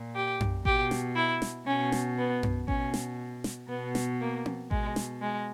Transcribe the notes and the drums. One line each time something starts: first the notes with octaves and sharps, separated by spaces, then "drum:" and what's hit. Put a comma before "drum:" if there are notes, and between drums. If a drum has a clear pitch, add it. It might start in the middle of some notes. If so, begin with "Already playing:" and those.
Already playing: A#2
G4
drum: tom F#2
B2 G4, drum: kick A1
drum: snare
E4
drum: snare
B2 C#4
drum: snare
B3
drum: tom F#2
B2 C#4, drum: kick A1
drum: snare
drum: snare
B2 B3
drum: snare
A#3
drum: tom C4
B2 G#3, drum: kick A1
drum: snare
G#3